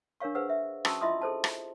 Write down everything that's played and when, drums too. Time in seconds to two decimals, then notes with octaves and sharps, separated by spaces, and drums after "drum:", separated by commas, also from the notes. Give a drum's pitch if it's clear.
0.20 D4 A#4 C#5 F5 C#6
0.35 G#4 B4 C5 F#5 E6
0.49 E5
0.85 C#4 F#4 A5 C#6 D#6 E6, drum: rim click
1.01 E4 F4 D#5 E5 C6 D#6
1.22 G#4 A4 C5 A5
1.44 drum: rim click